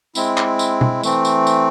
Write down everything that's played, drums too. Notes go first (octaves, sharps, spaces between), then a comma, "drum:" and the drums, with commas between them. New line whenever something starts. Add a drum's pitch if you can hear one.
G#3 C4 E4, drum: tambourine
drum: clap
drum: tambourine
drum: tom B2
E3 A3 C4, drum: tambourine
drum: tambourine
drum: tambourine